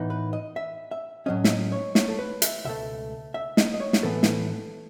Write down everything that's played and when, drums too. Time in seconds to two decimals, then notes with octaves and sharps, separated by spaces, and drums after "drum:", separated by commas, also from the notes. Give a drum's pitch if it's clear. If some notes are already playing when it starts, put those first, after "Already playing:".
Already playing: A2 E3 B3 D#4
0.10 B4
0.33 D#5
0.56 E5
0.91 E5
1.26 A2 F#3 C#4 D#5
1.44 E5, drum: snare
1.49 D#5
1.72 C#5
1.95 C#5, drum: snare
2.08 A4
2.19 B4
2.42 E5, drum: hi-hat
2.65 C#2 B2 A3 E5
3.34 E5
3.57 D#5, drum: snare
3.74 D#5
3.80 C#5
3.93 drum: snare
4.03 A2 E3 B3 A4
4.23 drum: snare